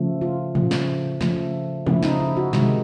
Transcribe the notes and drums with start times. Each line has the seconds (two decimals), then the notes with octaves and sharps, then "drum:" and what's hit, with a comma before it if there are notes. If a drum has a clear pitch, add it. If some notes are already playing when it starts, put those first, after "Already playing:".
Already playing: C#3 F3 A3
0.21 F4
0.55 C#3 F3 A3, drum: tom A2
0.71 drum: snare
1.21 C#3 F3 A3, drum: snare
1.87 C#3 F3 A3 E4, drum: tom G#3
2.03 D#4, drum: snare
2.20 E4
2.37 F#4
2.53 C3 D#3 G#3, drum: snare